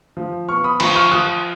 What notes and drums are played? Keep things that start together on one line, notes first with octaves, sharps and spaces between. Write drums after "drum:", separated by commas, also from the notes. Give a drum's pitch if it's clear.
F3
B3 C#6 F6
B5 D#6
F3 A#5 C#6, drum: cymbal
C#6 F6
F3 D#6 F#6